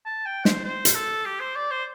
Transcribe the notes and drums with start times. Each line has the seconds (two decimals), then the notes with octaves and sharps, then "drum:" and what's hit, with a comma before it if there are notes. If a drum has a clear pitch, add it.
0.05 A5
0.26 G5
0.45 C5, drum: snare
0.65 C5
0.85 drum: hi-hat
0.95 A4
1.25 G4
1.40 C5
1.56 D5
1.71 C5